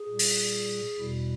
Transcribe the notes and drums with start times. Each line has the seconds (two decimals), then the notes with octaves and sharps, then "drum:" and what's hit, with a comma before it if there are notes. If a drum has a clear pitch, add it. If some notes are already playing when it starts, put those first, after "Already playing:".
Already playing: G#4
0.09 A#2 G3
0.19 drum: open hi-hat
0.99 E2 B2 G3 E4